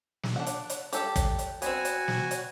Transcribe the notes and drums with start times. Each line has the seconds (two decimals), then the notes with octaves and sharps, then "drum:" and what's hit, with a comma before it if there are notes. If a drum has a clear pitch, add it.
0.23 drum: snare
0.36 D4 F#5
0.46 drum: hi-hat
0.70 drum: hi-hat
0.93 G4 A4, drum: hi-hat
1.16 drum: kick, hi-hat
1.39 drum: hi-hat
1.62 B3 C4 F#4 G#5, drum: hi-hat
1.85 drum: hi-hat
2.08 drum: snare
2.31 drum: hi-hat